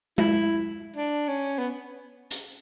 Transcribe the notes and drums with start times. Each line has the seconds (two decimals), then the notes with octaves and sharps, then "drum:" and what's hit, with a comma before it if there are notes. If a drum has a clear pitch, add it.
0.18 E4, drum: tom G#3
0.96 D4
1.28 C#4
1.59 B3
2.31 drum: hi-hat